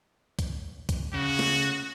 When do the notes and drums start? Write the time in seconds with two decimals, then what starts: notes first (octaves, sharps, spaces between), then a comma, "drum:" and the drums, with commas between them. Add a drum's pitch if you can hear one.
0.39 drum: kick, hi-hat
0.89 drum: kick, hi-hat
1.14 C#3 F#4
1.39 drum: snare